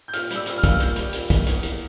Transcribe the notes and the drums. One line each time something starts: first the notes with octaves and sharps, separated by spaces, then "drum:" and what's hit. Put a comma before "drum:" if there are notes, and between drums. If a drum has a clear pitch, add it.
G6
A#2 F6, drum: hi-hat
G3 E6, drum: hi-hat
A#2 E6, drum: hi-hat
F6
A#3, drum: kick, hi-hat
F6
A#2 G6, drum: hi-hat
G3, drum: hi-hat
A#2, drum: hi-hat
A#3, drum: kick, hi-hat
E2, drum: hi-hat
E3, drum: hi-hat